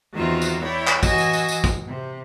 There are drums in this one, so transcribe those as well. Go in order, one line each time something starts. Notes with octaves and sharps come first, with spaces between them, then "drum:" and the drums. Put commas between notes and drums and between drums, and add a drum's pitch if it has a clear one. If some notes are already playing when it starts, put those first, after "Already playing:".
E2 D#3 C4 F4 F#4 E5
drum: tambourine
E4 C#5 D5 G5 B5
drum: clap
E3 F#4 D#5 G#5 E6, drum: kick, tambourine
drum: tambourine
drum: tambourine
drum: tambourine
drum: kick, tambourine
C3